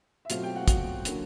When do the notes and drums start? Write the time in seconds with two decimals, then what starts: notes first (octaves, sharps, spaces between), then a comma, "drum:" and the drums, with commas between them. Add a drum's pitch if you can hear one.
0.25 E5
0.30 B2 F#3 A3 C4 F4 F5, drum: hi-hat
0.43 G4 G5
0.56 F#4 F#5
0.68 F#4 F#5, drum: kick, hi-hat
1.05 D3 F#3 A#3 C#4, drum: hi-hat